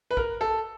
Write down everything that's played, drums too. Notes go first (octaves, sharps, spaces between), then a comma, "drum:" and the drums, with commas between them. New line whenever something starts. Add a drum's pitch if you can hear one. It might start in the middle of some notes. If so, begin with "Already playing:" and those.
B4
A#4, drum: kick
A4